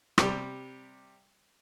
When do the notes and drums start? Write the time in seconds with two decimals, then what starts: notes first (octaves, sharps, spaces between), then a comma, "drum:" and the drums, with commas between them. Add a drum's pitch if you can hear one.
0.18 C3 G3, drum: rim click